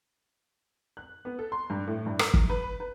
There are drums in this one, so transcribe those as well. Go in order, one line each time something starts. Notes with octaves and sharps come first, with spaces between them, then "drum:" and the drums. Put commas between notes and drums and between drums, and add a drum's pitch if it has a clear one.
F#6
B3
A4
C6
G2
A2
G2
A#4, drum: rim click
drum: kick
B4
B4